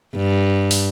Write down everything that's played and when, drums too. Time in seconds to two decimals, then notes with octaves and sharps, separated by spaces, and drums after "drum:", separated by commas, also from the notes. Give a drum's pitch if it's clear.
0.16 G2
0.71 drum: open hi-hat